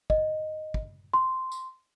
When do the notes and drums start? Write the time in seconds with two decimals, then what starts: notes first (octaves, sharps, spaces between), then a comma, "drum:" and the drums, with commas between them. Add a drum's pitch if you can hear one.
0.10 D#5, drum: kick
0.74 drum: kick
1.14 C6
1.52 drum: tambourine